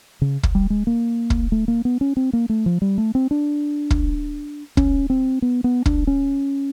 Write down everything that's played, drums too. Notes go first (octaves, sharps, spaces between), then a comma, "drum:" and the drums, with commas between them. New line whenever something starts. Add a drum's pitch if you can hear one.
C#3
drum: kick
G3
G#3
A#3
drum: kick
A3
A#3
B3
C#4
C4
A#3
A3
F3
G3
A3
C4
D4
drum: kick
C#4, drum: kick
C4
B3
B3
D4, drum: kick
C#4